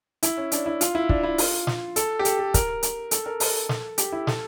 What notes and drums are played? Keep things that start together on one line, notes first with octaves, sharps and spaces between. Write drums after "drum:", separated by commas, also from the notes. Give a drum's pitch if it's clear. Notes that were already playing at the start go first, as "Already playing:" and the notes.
E4, drum: hi-hat
C#4
D4, drum: hi-hat
E4
F4, drum: hi-hat
E4
D4, drum: kick
E4
F4, drum: open hi-hat
drum: snare
A4, drum: hi-hat
G4
A4, drum: hi-hat
A4
A#4, drum: kick, hi-hat
drum: hi-hat
A4, drum: hi-hat
A#4
A4, drum: open hi-hat
drum: snare
G4, drum: hi-hat
E4
A4, drum: snare